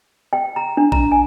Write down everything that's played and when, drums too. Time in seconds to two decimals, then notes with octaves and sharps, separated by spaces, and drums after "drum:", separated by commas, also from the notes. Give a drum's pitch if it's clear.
0.33 G5
0.56 A#5
0.77 D4
0.92 A#5, drum: kick A1
1.12 G#5